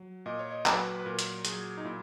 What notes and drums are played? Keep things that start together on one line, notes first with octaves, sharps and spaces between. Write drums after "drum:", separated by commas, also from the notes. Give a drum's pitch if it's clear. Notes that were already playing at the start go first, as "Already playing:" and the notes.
Already playing: F#3
A#2 D#5
C#5
D#5
F#3 B4, drum: clap
B4
A#2 A#4
drum: hi-hat
F#3 G#4, drum: hi-hat
D#4
A#2 E4